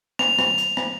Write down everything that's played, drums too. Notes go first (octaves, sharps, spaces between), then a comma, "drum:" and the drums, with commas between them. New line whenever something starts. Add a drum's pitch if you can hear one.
F7, drum: rim click
drum: rim click
drum: hi-hat
drum: rim click